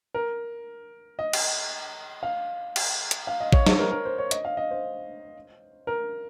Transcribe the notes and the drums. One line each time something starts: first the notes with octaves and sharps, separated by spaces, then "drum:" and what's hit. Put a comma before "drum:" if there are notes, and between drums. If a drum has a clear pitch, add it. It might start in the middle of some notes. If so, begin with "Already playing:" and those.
A#4
D#5
drum: cymbal
F5
drum: cymbal
drum: hi-hat
F5
D#5
C#5, drum: kick A1
C5, drum: snare
A#4
A#4
C5
C#5
D#5, drum: hi-hat
F5
D#5
C5
A#4